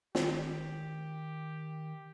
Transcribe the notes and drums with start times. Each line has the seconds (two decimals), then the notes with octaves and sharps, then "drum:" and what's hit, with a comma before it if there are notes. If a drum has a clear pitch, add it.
0.15 D#3 G4, drum: snare